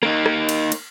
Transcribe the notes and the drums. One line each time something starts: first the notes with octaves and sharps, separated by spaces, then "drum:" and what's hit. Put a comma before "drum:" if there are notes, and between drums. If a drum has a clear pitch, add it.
A#3 D#4, drum: rim click
drum: rim click
drum: cymbal
drum: cymbal